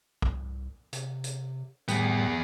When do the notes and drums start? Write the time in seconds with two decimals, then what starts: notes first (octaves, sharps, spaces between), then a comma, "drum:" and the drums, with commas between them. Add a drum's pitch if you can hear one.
0.22 C2, drum: kick
0.93 C3, drum: hi-hat
1.24 drum: hi-hat
1.88 A2 D#3 G3 B3 G#4 G5, drum: hi-hat